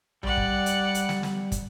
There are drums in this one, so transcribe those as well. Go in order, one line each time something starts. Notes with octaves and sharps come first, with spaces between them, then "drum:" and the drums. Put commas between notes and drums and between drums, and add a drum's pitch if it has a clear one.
G3 D5 F#5, drum: tom A#1
drum: kick
drum: hi-hat
drum: hi-hat
drum: snare
drum: snare
drum: kick, hi-hat